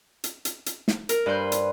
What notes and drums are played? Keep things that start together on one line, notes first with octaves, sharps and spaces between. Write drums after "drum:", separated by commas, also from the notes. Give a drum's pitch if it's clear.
drum: hi-hat
drum: hi-hat
drum: hi-hat
drum: snare
A#4, drum: hi-hat
G2 B4 C5 C6 G6
drum: hi-hat